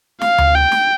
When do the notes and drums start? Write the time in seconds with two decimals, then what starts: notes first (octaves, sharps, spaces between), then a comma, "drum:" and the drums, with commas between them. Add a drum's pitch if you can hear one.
0.21 F5, drum: snare
0.38 drum: tom D2
0.55 G5
0.72 drum: snare